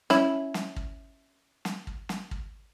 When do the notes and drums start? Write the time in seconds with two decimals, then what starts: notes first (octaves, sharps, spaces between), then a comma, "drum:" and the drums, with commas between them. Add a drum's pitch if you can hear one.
0.10 C#4 E4, drum: snare
0.54 drum: snare
0.76 drum: kick
1.65 drum: snare
1.87 drum: kick
2.09 drum: snare
2.31 drum: kick